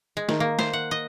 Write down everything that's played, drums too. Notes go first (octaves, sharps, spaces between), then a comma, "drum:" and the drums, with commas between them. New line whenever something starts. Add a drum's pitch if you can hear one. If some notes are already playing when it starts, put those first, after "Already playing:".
G#3
D#3, drum: snare
A#3
C5, drum: snare
F#5
D#5